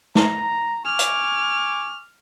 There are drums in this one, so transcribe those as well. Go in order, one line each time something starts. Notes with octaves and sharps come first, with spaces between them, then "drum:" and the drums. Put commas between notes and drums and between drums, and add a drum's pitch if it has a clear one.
A#5, drum: snare
G#5 C#6 D6 F6
drum: hi-hat